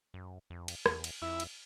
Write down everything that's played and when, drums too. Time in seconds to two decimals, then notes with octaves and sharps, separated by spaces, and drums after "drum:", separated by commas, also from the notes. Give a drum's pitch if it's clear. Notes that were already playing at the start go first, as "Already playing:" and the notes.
0.14 F#2
0.50 F2
0.68 drum: cymbal
0.86 E2, drum: rim click
1.04 drum: cymbal
1.22 F2 E4
1.40 drum: cymbal